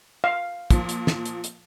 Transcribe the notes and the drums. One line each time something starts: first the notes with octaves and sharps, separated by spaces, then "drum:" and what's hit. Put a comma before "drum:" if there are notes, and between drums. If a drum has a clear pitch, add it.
F5
A#2 F3, drum: kick, hi-hat
drum: hi-hat
drum: snare
drum: hi-hat
drum: hi-hat